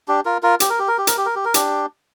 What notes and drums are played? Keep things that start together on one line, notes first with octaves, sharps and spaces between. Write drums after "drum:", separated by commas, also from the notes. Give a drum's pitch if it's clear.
D4 G4
F4 A#4
F4 A#4
G4, drum: hi-hat
A#4
G4
A#4
G4
A#4, drum: hi-hat
G4
A#4
G4
A#4
D4 G4, drum: hi-hat